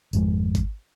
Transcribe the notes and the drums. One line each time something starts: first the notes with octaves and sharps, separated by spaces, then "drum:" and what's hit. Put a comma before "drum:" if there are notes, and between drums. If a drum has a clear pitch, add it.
G#1 F2 G#3, drum: tambourine
drum: kick G#1, tambourine